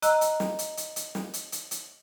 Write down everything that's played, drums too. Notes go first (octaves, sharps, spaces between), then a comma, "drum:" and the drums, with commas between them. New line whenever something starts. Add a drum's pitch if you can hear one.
D#5 A#5 E6 F#6, drum: hi-hat
drum: hi-hat
drum: snare
drum: hi-hat
drum: hi-hat
drum: hi-hat
drum: snare
drum: hi-hat
drum: hi-hat
drum: hi-hat